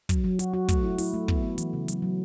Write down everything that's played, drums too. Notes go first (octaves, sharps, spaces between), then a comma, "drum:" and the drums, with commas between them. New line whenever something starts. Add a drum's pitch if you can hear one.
F#3, drum: kick, hi-hat
F#3
F#4, drum: hi-hat
F#4
A3, drum: kick, hi-hat
E4
E4, drum: open hi-hat
A3
B3, drum: kick
B3
E3, drum: hi-hat
C#3
F#3, drum: hi-hat
F#3